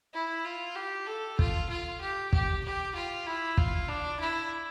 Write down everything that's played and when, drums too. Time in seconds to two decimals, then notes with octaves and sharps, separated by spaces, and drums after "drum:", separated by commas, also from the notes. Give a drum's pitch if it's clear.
0.14 E4
0.45 F4
0.76 G4
1.07 A4
1.39 F4, drum: kick
1.69 F4
2.01 G4
2.33 G4, drum: kick
2.64 G4
2.95 F4
3.26 E4
3.57 F4, drum: kick
3.89 D4
4.20 E4